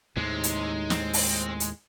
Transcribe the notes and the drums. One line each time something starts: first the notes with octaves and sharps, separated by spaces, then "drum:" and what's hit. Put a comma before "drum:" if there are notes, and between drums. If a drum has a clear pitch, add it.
D#2 A2 C3 G#3 D#4
drum: hi-hat
C4, drum: snare
drum: open hi-hat
drum: hi-hat